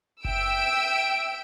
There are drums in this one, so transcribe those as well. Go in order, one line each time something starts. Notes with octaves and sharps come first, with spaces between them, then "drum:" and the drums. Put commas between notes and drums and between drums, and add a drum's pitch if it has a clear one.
E5 G5 E6 D7, drum: kick F#1